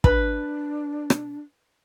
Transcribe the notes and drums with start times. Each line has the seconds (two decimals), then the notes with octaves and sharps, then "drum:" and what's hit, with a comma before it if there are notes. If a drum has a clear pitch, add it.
0.04 D4 B4, drum: kick
1.10 drum: rim click